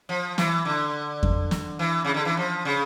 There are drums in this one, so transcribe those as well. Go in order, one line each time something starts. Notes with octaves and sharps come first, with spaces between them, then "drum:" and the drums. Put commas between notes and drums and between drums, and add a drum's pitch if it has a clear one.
F3
E3, drum: snare
D3
drum: kick F2
drum: snare
E3
C#3
D3
E3
F3
C#3